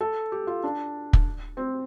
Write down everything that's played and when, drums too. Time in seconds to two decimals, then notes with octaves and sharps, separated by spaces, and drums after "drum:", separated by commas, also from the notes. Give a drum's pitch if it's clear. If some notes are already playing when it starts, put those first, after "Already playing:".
0.01 A4
0.32 G4
0.47 F4
0.64 D4
1.13 drum: kick
1.57 C4